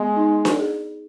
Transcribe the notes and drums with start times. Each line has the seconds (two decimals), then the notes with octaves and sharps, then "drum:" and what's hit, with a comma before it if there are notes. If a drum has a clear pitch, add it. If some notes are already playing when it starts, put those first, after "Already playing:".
Already playing: G#3 B3
0.16 D#4
0.45 drum: snare D4
0.59 G#4